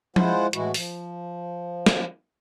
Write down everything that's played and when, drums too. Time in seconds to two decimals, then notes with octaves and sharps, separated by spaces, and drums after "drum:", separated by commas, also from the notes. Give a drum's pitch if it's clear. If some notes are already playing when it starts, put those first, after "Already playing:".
0.16 G#3 E4 F4 C5 F#5, drum: tom F3
0.53 A2 E3 G#3 E4 F#4, drum: hi-hat
0.74 F3, drum: open hi-hat
1.86 drum: snare